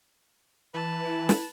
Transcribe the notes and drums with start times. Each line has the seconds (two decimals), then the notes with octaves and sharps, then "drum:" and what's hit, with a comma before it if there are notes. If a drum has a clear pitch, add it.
0.74 E3 B4 A5
1.05 E4
1.29 drum: snare